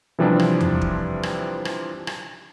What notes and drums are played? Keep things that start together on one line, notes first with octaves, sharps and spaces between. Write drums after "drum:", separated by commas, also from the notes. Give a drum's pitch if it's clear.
C3 E3 F3 G3 C4 D4
drum: rim click
drum: tom E2
drum: kick
drum: rim click
drum: rim click
drum: rim click